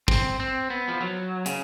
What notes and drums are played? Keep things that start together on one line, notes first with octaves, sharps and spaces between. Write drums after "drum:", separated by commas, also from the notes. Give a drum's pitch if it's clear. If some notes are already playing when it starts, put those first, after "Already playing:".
C4, drum: kick
C4
B3
F3
F#3
C#3, drum: hi-hat